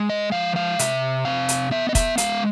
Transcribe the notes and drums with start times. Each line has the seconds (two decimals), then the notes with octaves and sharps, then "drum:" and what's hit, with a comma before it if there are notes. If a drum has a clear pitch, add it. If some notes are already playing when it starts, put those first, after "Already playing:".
Already playing: G#3
0.10 D#5
0.32 F3 F5
0.56 F5
0.79 C3 E5, drum: hi-hat
1.25 C4 F5
1.49 drum: hi-hat
1.71 B3 E5
1.89 D#5
1.95 E5, drum: kick F1, hi-hat
2.18 G#3 F5, drum: hi-hat